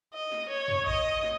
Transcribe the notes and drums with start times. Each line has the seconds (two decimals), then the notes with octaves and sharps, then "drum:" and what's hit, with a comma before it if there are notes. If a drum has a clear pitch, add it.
0.14 D#5
0.32 drum: snare
0.50 C#5
0.68 drum: tom
0.87 D#5, drum: kick G#1
1.23 drum: snare